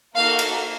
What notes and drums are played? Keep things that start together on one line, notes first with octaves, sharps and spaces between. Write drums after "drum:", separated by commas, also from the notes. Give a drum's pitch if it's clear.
A#3 D#4 F#4 A4 F5
drum: cymbal